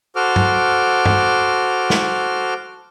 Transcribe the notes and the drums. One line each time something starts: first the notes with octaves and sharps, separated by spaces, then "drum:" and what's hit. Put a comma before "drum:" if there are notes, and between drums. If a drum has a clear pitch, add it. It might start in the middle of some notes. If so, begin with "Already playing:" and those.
F#4 A4 C5 D6 F6
drum: tom G2
drum: tom
drum: snare